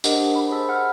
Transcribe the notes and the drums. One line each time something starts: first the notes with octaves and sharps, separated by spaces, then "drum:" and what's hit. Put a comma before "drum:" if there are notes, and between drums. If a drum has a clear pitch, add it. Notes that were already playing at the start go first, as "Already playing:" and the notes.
D4 G4 A#4 C5 D#5 F#5, drum: tambourine
C5 B5
G#4 C5 A5 E6 B6
F#5 B5 F6